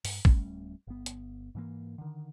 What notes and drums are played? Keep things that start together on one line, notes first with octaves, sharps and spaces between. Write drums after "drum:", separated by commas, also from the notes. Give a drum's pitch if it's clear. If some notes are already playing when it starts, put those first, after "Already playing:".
G2, drum: open hi-hat
D1 G3 A3 C#4, drum: kick
G1 B3
drum: hi-hat
G#2 E3 A#3
D3 D#3